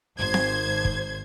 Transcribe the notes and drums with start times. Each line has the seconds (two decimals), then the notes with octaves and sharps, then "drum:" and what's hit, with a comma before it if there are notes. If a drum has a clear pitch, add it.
0.17 G#1 C5 G#6
0.34 drum: snare C4
0.85 drum: kick